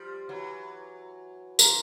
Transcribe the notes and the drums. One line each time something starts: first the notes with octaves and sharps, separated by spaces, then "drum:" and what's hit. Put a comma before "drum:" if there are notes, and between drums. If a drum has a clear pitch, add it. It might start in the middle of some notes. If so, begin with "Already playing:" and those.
Already playing: F3 G3
E3 F#3
D#3 F3 A#4, drum: tambourine